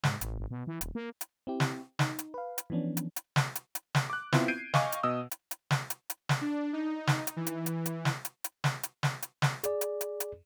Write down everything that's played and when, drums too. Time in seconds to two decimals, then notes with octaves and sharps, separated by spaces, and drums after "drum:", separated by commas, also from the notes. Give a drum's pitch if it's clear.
0.04 G#2, drum: snare
0.21 A1, drum: hi-hat
0.38 G#1
0.51 B2
0.67 E3
0.81 D#1, drum: hi-hat
0.95 A#3
1.21 drum: hi-hat
1.47 C4 E4 G4
1.60 drum: snare
1.99 D#4, drum: snare
2.19 drum: hi-hat
2.34 B4 F5
2.58 drum: hi-hat
2.70 E3 F3 B3 C#4 D4
2.97 drum: hi-hat
3.16 drum: hi-hat
3.36 drum: snare
3.55 drum: hi-hat
3.75 drum: hi-hat
3.95 drum: snare
4.10 D6 F#6
4.32 B3 C4 E4 F4, drum: snare
4.48 G6 G#6 C7 D7 D#7
4.74 D#5 F5 G#5 C#6 D6, drum: snare
4.92 drum: hi-hat
5.03 B2 D#5 D#6 E6
5.31 drum: hi-hat
5.51 drum: hi-hat
5.71 drum: snare
5.90 drum: hi-hat
6.10 drum: hi-hat
6.29 drum: snare
6.41 D4
6.73 D#4
7.07 drum: snare
7.27 drum: hi-hat
7.36 E3
7.47 drum: hi-hat
7.66 drum: hi-hat
7.86 drum: hi-hat
8.05 drum: snare
8.25 drum: hi-hat
8.44 drum: hi-hat
8.64 drum: snare
8.83 drum: hi-hat
9.03 drum: snare
9.22 drum: hi-hat
9.42 drum: snare
9.64 G#4 D5, drum: hi-hat
9.81 drum: hi-hat
10.01 drum: hi-hat
10.20 drum: hi-hat